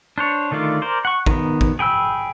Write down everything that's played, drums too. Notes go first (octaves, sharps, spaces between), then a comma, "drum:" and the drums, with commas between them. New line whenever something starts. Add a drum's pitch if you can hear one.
D4 C5 C#5
D3 D#3 A3 F4 D5
A#4 C5 D5
F#5 C#6
D#3 B3, drum: kick A1
drum: kick A1
G#4 G5 B5 E6